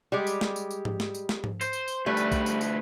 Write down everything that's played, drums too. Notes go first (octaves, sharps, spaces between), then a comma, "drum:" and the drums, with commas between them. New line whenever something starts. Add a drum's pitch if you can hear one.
G3 G#3 G4
drum: tambourine
drum: snare
drum: tambourine
drum: tambourine
drum: tom G#2
drum: snare
drum: tambourine
drum: snare
drum: tom G#2
C5, drum: tambourine
drum: tambourine
drum: tambourine
D2 G3 A3 B4
drum: tambourine
drum: kick B1, tambourine
drum: tambourine
drum: tambourine